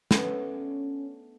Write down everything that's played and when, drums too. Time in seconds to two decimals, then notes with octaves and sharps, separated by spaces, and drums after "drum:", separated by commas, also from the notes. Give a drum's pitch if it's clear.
0.11 A3 B3 C#4 D4, drum: snare